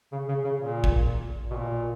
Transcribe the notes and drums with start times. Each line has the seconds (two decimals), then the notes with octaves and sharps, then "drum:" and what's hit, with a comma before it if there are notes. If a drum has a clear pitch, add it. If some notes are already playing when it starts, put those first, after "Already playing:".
0.12 C#3
0.28 C#3
0.44 C#3
0.60 A#2
0.84 drum: kick A1
1.51 B2
1.55 A#2